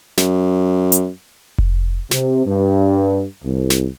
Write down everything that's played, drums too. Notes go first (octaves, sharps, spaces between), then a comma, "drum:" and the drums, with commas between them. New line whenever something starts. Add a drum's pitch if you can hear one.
F#2, drum: snare
drum: hi-hat
drum: kick F1
C3, drum: snare
G2
C2
drum: snare